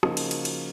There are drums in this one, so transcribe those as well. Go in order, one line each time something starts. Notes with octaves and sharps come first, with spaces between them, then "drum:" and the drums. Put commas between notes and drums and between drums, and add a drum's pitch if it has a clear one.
C#3 F3 A#3 D#4 F#4, drum: rim click
drum: cymbal
drum: cymbal
drum: cymbal